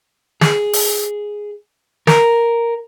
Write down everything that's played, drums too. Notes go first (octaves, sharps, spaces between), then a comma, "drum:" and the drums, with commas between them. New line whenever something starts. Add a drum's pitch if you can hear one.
G#4, drum: snare
drum: open hi-hat
A#4, drum: snare